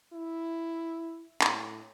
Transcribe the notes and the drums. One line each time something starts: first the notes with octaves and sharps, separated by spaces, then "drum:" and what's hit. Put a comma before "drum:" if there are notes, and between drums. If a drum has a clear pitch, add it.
E4
A2, drum: clap